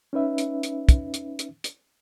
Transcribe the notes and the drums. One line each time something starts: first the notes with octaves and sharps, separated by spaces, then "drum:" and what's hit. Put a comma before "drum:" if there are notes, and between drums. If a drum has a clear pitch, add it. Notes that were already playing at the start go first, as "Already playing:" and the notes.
C#4 D#4 B4 E5
drum: hi-hat
drum: hi-hat
drum: kick, hi-hat
drum: hi-hat
drum: hi-hat
drum: hi-hat